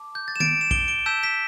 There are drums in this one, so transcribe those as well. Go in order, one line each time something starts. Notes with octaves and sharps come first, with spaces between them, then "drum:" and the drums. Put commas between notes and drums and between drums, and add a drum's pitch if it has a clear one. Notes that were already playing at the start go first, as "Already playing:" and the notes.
Already playing: A5 D6
G6
A6
E7
A6 D7, drum: tom D#3
E7
D7 G7, drum: kick
D7 G7
A5 E6 G6 B6 E7
B6 E7